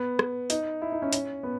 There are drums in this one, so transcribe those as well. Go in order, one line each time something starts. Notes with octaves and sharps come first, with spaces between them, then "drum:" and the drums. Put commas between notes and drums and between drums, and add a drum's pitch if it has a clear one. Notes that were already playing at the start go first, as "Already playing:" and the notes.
Already playing: B3
drum: rim click
D#4, drum: hi-hat
E4
D#4
C#4
C#4, drum: hi-hat
B3